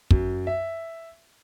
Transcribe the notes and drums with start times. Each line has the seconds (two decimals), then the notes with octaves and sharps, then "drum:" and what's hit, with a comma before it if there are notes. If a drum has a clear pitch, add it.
0.11 F#2, drum: kick
0.47 E5